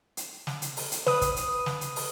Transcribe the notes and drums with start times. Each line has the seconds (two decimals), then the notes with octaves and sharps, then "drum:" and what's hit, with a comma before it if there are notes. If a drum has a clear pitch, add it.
0.17 drum: hi-hat
0.47 drum: snare
0.62 drum: hi-hat
0.77 drum: open hi-hat
0.92 drum: hi-hat
1.07 B4 D#6, drum: snare
1.21 drum: kick, hi-hat
1.36 drum: hi-hat
1.66 drum: snare
1.81 drum: hi-hat
1.96 drum: open hi-hat